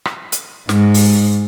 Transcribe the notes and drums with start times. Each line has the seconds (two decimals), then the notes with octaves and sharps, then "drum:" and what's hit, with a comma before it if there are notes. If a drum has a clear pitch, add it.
0.05 drum: rim click
0.32 drum: hi-hat
0.69 G#2, drum: snare
0.94 drum: open hi-hat